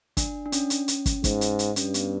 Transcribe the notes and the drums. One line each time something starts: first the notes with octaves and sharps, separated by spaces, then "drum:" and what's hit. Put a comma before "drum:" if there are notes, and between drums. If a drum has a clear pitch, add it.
D4, drum: kick, hi-hat
D4
C#4, drum: hi-hat
drum: hi-hat
drum: hi-hat
drum: kick, hi-hat
G#2, drum: kick, hi-hat
drum: hi-hat
drum: hi-hat
G2 C#4, drum: hi-hat
B3, drum: hi-hat